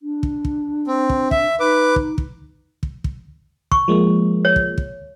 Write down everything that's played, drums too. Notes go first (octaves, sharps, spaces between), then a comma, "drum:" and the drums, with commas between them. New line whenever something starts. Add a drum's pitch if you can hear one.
D4
drum: kick
drum: kick
C4
drum: kick
E5, drum: kick
D#4 B4 D6
drum: kick
drum: kick
drum: kick
drum: kick
C#6, drum: kick
F3 G#3 A#3
C#5
drum: kick
drum: kick